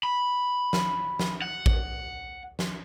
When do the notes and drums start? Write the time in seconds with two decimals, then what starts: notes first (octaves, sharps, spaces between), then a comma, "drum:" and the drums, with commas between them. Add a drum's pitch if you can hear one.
0.03 B5
0.73 drum: snare
1.19 drum: snare
1.42 F#5
1.66 drum: kick A1
2.59 drum: snare